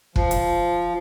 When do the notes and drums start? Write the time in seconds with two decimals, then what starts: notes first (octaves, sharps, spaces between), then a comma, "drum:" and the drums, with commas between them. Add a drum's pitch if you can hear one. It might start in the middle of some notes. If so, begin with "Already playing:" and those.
0.16 F3, drum: kick
0.31 drum: hi-hat